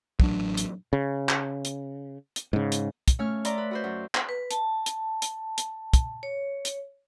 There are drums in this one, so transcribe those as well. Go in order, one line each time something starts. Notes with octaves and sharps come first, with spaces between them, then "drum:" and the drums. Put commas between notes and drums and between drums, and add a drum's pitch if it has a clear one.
A1 F#3 D4, drum: kick
drum: hi-hat
C#3
drum: clap
drum: hi-hat
drum: hi-hat
G#2 C#3
drum: hi-hat
drum: kick, hi-hat
A3 C#4 C#5 F6
D5 E5 A#5 C6, drum: hi-hat
B4
F#4 B4 C5
F#2
drum: clap
B4
A5, drum: hi-hat
drum: hi-hat
drum: hi-hat
drum: hi-hat
drum: kick, hi-hat
C#5
drum: hi-hat